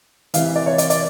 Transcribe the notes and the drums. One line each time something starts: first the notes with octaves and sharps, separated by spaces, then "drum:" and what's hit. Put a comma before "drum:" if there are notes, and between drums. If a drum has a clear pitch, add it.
C3 E3 F5, drum: hi-hat
E5
D5
C#5
D5, drum: hi-hat
D5, drum: hi-hat